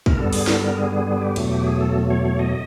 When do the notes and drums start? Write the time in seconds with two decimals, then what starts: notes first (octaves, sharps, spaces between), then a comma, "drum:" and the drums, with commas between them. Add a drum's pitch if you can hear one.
0.06 A#4, drum: kick
0.17 G2 D3 G3 B3 A4
0.33 G#4, drum: open hi-hat
0.47 A4, drum: snare
0.62 A#4
0.77 G#4
0.92 G#4
1.07 G#4
1.18 G#4
1.22 G4
1.36 E2 B2 F#3 A3, drum: cymbal
1.51 G4
1.66 G#4
1.81 A4
2.10 C#5
2.25 C#5
2.39 D#5